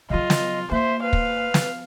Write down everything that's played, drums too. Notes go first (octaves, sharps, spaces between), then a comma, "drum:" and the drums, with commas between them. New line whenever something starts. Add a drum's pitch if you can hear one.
C#3 F#3 F4 D#5
drum: snare
A#3 C5 E5
B4 F5
drum: kick
drum: snare